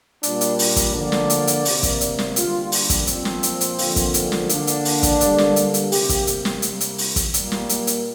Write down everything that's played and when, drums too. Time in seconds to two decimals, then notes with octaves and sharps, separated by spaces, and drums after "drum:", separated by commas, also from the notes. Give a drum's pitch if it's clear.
0.23 A#2 G3 A#3 D4, drum: hi-hat
0.41 drum: hi-hat
0.59 D4, drum: open hi-hat
0.76 drum: kick, hi-hat
0.94 D3 F3 A#3 D5
1.12 drum: snare
1.30 drum: hi-hat
1.47 drum: hi-hat
1.65 C3 A#3, drum: open hi-hat
1.83 drum: kick, hi-hat
2.01 drum: hi-hat
2.18 drum: snare
2.36 D3 G3 A#3 F4, drum: hi-hat
2.72 D4, drum: open hi-hat
2.90 drum: kick, hi-hat
3.07 A#2 F3 A#3 C4, drum: hi-hat
3.25 drum: snare
3.43 drum: hi-hat
3.61 drum: hi-hat
3.78 D3 F3 A#3, drum: open hi-hat
3.96 drum: kick, hi-hat
4.14 drum: hi-hat
4.32 drum: snare
4.49 D3 A#3 D4, drum: hi-hat
4.67 drum: hi-hat
4.85 drum: open hi-hat
5.03 drum: kick, hi-hat
5.21 D3 G3 A#3, drum: hi-hat
5.38 drum: snare
5.56 drum: hi-hat
5.74 drum: hi-hat
5.92 C3 A#3 G4, drum: open hi-hat
6.09 drum: kick, hi-hat
6.27 drum: hi-hat
6.45 drum: snare
6.62 C3 G3 A#3, drum: hi-hat
6.80 drum: hi-hat
6.98 drum: open hi-hat
7.16 drum: kick, hi-hat
7.34 A#2 G3 A#3, drum: hi-hat
7.52 drum: snare
7.69 drum: hi-hat
7.87 drum: hi-hat